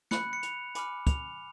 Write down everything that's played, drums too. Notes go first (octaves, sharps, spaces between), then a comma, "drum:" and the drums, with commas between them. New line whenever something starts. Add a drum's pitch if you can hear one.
B5 F#6 C#7, drum: snare
C#7
F7, drum: hi-hat
G#5 B5 D6 F6, drum: hi-hat
F7, drum: kick, hi-hat